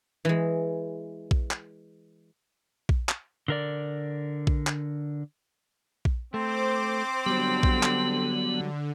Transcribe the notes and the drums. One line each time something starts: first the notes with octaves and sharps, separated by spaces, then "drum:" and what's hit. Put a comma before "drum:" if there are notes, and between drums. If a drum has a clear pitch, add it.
E3 G#3
drum: kick A#1
drum: clap
drum: kick A#1
drum: clap
D3 A#4 D5
drum: kick A#1
drum: clap
drum: kick A#1
A3 C4 C5 D6
D3 F#3 G3 B3
drum: kick A#1
drum: clap